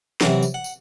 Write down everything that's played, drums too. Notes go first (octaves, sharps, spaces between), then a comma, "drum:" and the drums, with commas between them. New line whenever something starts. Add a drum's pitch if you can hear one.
C3 E3 F#3, drum: snare
drum: tambourine
F#5
drum: tambourine